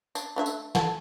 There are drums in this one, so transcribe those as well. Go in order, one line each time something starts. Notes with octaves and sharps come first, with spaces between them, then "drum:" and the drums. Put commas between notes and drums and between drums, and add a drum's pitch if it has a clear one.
D4, drum: tambourine
A3 D4 E5
drum: tambourine
A4 F#5 G#5, drum: snare